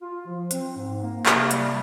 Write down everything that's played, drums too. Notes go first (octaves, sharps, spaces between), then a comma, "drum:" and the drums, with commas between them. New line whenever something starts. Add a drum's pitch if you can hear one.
F4
F3
C4, drum: hi-hat
G#2
A#3
C3, drum: clap
G3, drum: hi-hat